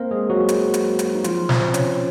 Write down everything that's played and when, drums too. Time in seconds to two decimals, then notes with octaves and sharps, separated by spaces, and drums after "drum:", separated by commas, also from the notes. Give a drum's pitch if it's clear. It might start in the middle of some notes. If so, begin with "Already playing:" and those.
Already playing: A#3 C4 A#4 C5
0.11 G#3 G#4
0.30 F#3 F#4
0.49 drum: hi-hat
0.74 drum: hi-hat
0.99 drum: hi-hat
1.14 D#4
1.24 F3 F4, drum: hi-hat
1.49 C4 C5, drum: snare
1.74 C#4 C#5, drum: hi-hat